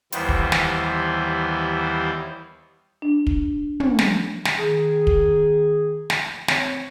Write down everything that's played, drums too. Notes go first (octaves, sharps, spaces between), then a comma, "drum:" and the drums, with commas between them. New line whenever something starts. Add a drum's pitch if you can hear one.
D#2 E3 G3 B3 C5, drum: hi-hat
drum: kick
drum: snare
D4
drum: kick
drum: tom
drum: snare
drum: snare
D#3 G#4
drum: kick
drum: snare
C4 C#5, drum: snare